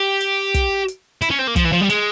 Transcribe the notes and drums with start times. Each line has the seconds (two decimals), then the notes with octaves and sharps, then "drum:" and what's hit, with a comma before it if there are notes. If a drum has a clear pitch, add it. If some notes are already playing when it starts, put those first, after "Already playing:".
Already playing: G4
0.21 drum: hi-hat
0.54 drum: kick, hi-hat
0.88 drum: hi-hat
1.22 E4, drum: hi-hat
1.30 C#4
1.39 C4
1.47 A#3
1.56 F3, drum: kick, hi-hat
1.65 E3
1.72 F3
1.81 G3
1.90 G#3, drum: hi-hat